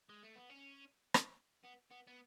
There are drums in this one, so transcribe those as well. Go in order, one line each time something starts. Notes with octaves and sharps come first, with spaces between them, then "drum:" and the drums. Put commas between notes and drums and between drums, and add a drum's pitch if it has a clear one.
G#3
A3
B3
C#4
drum: rim click
B3
B3
B3